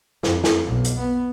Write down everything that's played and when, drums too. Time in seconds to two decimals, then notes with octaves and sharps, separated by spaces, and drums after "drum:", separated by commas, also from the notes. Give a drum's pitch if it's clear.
0.23 F2, drum: snare
0.44 drum: snare
0.67 B1
0.84 drum: hi-hat
0.99 B3